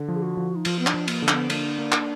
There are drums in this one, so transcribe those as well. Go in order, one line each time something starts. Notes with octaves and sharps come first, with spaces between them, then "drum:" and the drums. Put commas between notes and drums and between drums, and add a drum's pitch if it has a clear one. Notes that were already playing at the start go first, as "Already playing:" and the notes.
Already playing: D3
F3
G#4
F#4
F3
D#4
F3 F4, drum: cymbal
B3
D4, drum: clap
F3
A#3, drum: cymbal
D3
D4, drum: clap
B3
A#3 D4, drum: cymbal
A#3
drum: clap